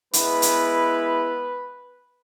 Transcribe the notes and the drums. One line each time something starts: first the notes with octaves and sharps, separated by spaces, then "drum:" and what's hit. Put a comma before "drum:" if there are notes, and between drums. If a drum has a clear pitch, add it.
G#3 B3 E4 B4, drum: hi-hat
drum: hi-hat